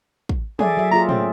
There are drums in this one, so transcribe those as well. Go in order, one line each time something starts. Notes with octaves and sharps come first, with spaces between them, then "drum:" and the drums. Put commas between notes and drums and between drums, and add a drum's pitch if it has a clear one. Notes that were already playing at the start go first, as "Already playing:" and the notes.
drum: kick
G#4 A4 D5 E5, drum: tom
F#3 E5
A#3 F4 G#4 A#5
A3 C4 C#4 G#4, drum: tom